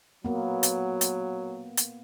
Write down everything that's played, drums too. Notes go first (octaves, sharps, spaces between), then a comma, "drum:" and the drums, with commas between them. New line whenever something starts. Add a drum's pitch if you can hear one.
F#3 A#3 B3
drum: hi-hat
drum: hi-hat
drum: hi-hat